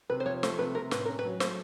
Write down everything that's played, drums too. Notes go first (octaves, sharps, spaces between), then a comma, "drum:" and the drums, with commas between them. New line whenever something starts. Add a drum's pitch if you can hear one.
C3 B4
C5
F3 C#5
A3 C5, drum: snare
C3 B4
C3 A#4
A2 B4, drum: snare
C#4 A#4
B4
F#3
A3 C5, drum: snare